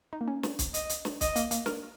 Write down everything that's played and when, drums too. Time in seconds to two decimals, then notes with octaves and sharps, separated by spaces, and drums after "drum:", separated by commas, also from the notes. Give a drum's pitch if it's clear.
0.13 D#4
0.21 A#3
0.28 C#4
0.43 drum: snare
0.59 drum: kick, hi-hat
0.74 D#5, drum: hi-hat
0.89 drum: hi-hat
1.05 drum: snare
1.21 D#5, drum: kick, hi-hat
1.36 A#3, drum: hi-hat
1.51 A#3, drum: hi-hat
1.66 A#4, drum: snare